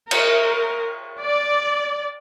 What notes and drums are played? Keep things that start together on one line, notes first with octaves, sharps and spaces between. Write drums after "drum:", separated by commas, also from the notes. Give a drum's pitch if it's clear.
A#4, drum: cymbal
D5